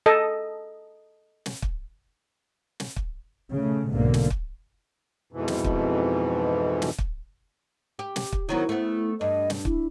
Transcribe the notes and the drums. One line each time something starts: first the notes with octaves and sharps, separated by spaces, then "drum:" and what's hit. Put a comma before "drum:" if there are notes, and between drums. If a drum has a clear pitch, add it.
A4 D#5
drum: snare
drum: kick
drum: snare
drum: kick
C#3 A3
B1 G#2 D3 A#3
drum: snare
drum: kick
F2 G#2 B2 E3
drum: snare
drum: kick
drum: snare
drum: kick
G4
drum: snare
drum: kick
D#3 F#3 B3 E4
A3 B3
G2 D#5
drum: snare
E4, drum: kick